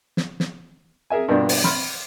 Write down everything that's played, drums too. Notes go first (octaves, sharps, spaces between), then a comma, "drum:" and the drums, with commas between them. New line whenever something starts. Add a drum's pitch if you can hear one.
drum: snare
drum: snare
G#4 A#4 E5 G#5
G2 B2 G3 A#3 D4 F4
drum: open hi-hat
B5 C6 F6, drum: snare